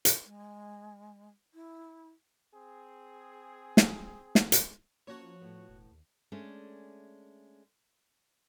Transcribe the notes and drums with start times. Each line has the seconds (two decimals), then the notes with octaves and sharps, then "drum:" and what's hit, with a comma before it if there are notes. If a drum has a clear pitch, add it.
0.05 drum: hi-hat
0.25 G#3
1.54 E4
2.54 C4 G#4
3.77 drum: snare
4.35 drum: snare
4.52 drum: hi-hat
5.07 F3 A#3 C#4 F#4 C#5 A5
5.41 A2 B3
5.69 E1
5.91 D#2
6.32 G#3 A3 C#4 D4